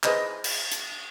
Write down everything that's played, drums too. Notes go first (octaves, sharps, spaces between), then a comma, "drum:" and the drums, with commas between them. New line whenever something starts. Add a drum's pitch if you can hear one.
G#4 B4 C5 D#5 A#5 B5, drum: clap
drum: cymbal
drum: hi-hat